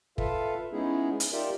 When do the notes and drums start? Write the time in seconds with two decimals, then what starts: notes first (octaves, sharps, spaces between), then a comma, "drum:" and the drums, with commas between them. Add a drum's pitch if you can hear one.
0.18 F4 A4 B4 E5 F5, drum: kick
0.73 G#3 B3 C#4 D#4 E4 G#4
1.20 drum: hi-hat
1.32 D#4 F4 G4 A#4 D5 E5